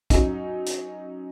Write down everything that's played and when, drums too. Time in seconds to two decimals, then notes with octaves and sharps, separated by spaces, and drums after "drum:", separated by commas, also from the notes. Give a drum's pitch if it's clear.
0.10 F#3 C#4 D#4, drum: kick, hi-hat
0.66 drum: hi-hat